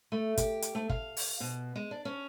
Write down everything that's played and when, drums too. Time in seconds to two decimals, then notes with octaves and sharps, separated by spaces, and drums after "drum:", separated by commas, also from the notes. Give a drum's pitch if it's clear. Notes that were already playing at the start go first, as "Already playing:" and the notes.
0.12 A3
0.37 G4, drum: kick, hi-hat
0.62 drum: hi-hat
0.75 A3
0.89 F5, drum: kick
1.17 drum: open hi-hat
1.40 B2
1.76 G#3
1.91 D4
2.05 C#4